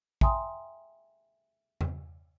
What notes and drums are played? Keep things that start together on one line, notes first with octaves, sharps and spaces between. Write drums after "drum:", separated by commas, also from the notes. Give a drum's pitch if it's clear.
E5 G5 G#5 A#5 C6 D#6, drum: kick
drum: tom E2